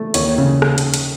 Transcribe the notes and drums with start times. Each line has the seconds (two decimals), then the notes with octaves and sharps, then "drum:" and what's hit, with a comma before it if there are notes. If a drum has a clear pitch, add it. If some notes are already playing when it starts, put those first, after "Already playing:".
Already playing: A3
0.14 D#2 C#5, drum: hi-hat
0.38 C#3
0.62 drum: rim click
0.78 drum: hi-hat
0.94 drum: hi-hat